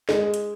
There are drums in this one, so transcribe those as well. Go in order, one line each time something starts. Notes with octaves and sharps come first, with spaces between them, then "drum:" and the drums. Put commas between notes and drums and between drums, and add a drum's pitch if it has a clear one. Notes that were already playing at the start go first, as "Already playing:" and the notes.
G#3, drum: snare
drum: hi-hat